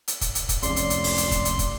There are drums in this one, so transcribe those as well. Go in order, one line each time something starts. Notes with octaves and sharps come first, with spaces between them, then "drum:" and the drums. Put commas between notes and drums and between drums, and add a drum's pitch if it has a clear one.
drum: hi-hat
drum: kick, hi-hat
drum: hi-hat
drum: kick, hi-hat
F1 C#2 C#3 D5 C6, drum: hi-hat
drum: hi-hat
drum: hi-hat
drum: open hi-hat
drum: hi-hat
drum: kick, hi-hat
drum: hi-hat
drum: kick, hi-hat